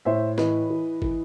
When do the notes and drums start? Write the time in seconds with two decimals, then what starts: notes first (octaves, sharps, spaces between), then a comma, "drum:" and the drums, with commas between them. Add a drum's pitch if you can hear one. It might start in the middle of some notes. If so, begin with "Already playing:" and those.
0.05 A2 C5 E5
0.38 E3 B4 D#5, drum: snare
0.70 E3
1.02 E3, drum: kick